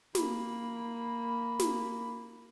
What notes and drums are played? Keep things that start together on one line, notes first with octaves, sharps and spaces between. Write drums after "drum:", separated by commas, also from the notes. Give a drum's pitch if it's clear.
A#3 B5, drum: snare
drum: snare